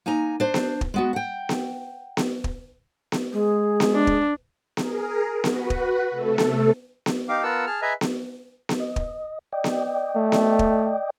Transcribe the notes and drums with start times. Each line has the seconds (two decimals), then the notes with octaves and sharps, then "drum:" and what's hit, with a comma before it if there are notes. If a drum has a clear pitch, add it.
0.06 A#3 D#4 G#5 A#5
0.40 D4 C5
0.54 drum: snare B3
0.81 drum: kick
0.94 G#3 B3 F#4
1.13 F#5 G5
1.49 drum: snare B3
2.17 drum: snare B3
2.44 drum: kick
3.12 drum: snare B3
3.34 G#3 G#4
3.80 drum: snare B3
3.94 D4
4.07 drum: kick
4.77 G#4 A#4, drum: snare B3
5.44 F#4 B4, drum: snare B3
5.70 drum: kick
6.11 C3 A3 A4
6.38 drum: snare B3
7.06 drum: snare B3
7.29 D#4 G4 F5 D6
7.43 B3 F4 A#4 F#5 A5 E6
7.67 G#4 A5 F6
7.82 G#4 B4 D#5 E5 G#5 A#5
8.01 drum: snare B3
8.69 drum: snare B3
8.80 D#5
8.96 drum: kick
9.53 D5 D#5 G5
9.64 drum: snare B3
10.16 A3
10.32 drum: snare B3
10.59 drum: kick